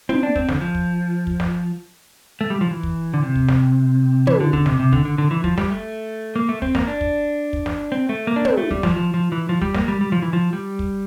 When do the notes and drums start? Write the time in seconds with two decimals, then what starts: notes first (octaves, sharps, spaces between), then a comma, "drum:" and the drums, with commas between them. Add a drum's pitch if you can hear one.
0.09 C4, drum: tom
0.23 D4
0.36 C4, drum: kick
0.49 D3, drum: snare
0.61 F3
0.75 drum: kick
1.27 drum: kick
1.40 drum: snare
2.41 A3
2.50 G3
2.61 F3
2.71 E3
2.83 drum: kick
3.14 D3
3.22 C3
3.36 drum: kick
3.49 drum: snare
4.27 E3, drum: tom
4.40 D3
4.53 D3, drum: kick
4.66 C3, drum: snare
4.79 C3
4.93 D3, drum: kick
5.05 D3
5.18 D3
5.31 E3
5.44 F3, drum: kick
5.58 G3, drum: snare
5.70 A3
6.36 A#3
6.49 A3
6.62 C4, drum: kick
6.75 A#3, drum: snare
6.87 D4
7.01 drum: kick
7.53 drum: kick
7.66 drum: snare
7.92 C4
8.09 A3
8.27 A#3
8.36 D4
8.45 C4, drum: tom
8.57 A3
8.71 G3, drum: kick
8.83 F3, drum: snare
8.96 F3
9.14 F3
9.32 E3
9.49 F3
9.62 G3, drum: kick
9.75 A#3, drum: snare
9.88 G3
10.01 G3
10.12 F3
10.22 E3
10.33 F3
10.53 G3
10.79 drum: kick